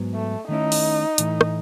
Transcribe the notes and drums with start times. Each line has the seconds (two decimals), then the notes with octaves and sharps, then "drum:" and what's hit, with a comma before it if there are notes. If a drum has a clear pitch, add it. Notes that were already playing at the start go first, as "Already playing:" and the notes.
Already playing: G#2 F#3 B3
0.15 A3
0.49 D#3 A3 C#4 D#4 E4
0.72 drum: open hi-hat
1.18 A2 E3 A3, drum: hi-hat
1.41 drum: rim click